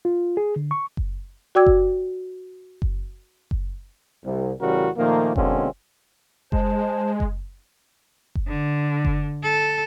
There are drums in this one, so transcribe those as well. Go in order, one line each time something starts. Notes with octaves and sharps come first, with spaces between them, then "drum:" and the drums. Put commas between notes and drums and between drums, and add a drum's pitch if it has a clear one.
F4
G#4
D3
C#6
drum: kick F#1
F#4 D5 G5 D6 E6 G#6
drum: kick F#1
drum: kick F#1
drum: kick F#1
C2
A1 C#3 E3 G3 F#4 A#4
A#2 D#3 F3 A3 A#3
B2 D3 G#3 A#3 C4 C#4, drum: kick F#1
G#3 C5 A5, drum: kick F#1
drum: kick F#1
drum: kick F#1
D3
drum: kick F#1
A4